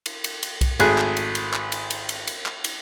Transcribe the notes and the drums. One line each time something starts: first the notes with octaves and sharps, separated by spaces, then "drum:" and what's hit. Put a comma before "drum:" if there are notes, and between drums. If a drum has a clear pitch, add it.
drum: cymbal
drum: cymbal
drum: cymbal
drum: kick B1, cymbal
G#1 A3 G#4 F#6, drum: cymbal
drum: clap
drum: cymbal
drum: cymbal
drum: clap
drum: cymbal
drum: cymbal
drum: cymbal
drum: cymbal
drum: clap
drum: cymbal